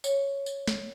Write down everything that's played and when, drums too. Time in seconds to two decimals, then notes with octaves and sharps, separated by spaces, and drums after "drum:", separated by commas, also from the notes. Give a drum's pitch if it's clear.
0.04 C#5, drum: tambourine
0.46 drum: tambourine
0.68 drum: snare